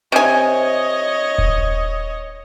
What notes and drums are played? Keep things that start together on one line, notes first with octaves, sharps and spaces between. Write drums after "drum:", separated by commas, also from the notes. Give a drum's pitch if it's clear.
C3 C#5 D#5 G#5
drum: kick D#1